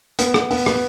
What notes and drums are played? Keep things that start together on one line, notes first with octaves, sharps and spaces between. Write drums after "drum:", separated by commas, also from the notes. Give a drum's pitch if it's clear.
B3, drum: hi-hat
B3, drum: rim click
B3, drum: open hi-hat
B3, drum: rim click